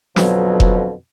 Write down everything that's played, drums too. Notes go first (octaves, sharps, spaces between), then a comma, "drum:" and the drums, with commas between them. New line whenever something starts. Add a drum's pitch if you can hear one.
F2 B2 D3 F3 F#3, drum: snare
drum: kick F1